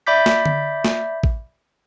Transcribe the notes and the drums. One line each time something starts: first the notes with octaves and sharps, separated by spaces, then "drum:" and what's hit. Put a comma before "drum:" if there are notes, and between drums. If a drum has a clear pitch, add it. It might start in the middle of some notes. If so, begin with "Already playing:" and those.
D5 E5 B5 D6 G6 B6
drum: snare
drum: tom D3
drum: snare
drum: kick A1